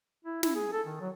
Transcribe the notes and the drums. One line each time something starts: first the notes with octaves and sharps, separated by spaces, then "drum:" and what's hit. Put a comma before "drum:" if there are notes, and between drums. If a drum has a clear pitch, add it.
E4
E4, drum: snare
G#4
A4
D#3
F#3